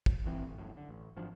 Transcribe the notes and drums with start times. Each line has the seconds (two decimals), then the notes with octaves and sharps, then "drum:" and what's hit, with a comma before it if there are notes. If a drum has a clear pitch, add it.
0.06 drum: kick
0.24 E1 G2 E3 C4
0.44 A1
0.57 G1 F#2 A2
0.77 D3
0.89 A1
1.16 G#1 F3 F#3 D4